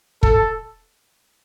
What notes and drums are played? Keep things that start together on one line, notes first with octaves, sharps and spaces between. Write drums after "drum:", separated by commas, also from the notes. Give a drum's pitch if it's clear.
A4, drum: kick